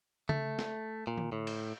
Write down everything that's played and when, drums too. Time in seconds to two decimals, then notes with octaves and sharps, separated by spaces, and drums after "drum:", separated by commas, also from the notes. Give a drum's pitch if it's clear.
0.29 A3, drum: tom C#3
0.59 drum: snare
1.07 A#2
1.18 drum: tom D3
1.32 A2
1.47 drum: cymbal